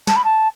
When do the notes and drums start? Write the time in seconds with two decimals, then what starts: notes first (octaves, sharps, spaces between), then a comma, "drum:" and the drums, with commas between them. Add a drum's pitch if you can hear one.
0.07 A5, drum: snare
0.16 B5
0.24 A5